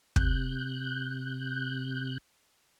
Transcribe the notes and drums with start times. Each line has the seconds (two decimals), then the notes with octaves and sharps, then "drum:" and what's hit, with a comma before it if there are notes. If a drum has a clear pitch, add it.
0.16 C3 F#6 G6, drum: kick